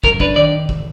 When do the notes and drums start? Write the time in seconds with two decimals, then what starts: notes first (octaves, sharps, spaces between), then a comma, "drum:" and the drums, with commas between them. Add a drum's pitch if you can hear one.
0.04 F#2 A#4, drum: kick
0.20 D4 B4, drum: kick
0.36 D#3 D5
0.69 drum: kick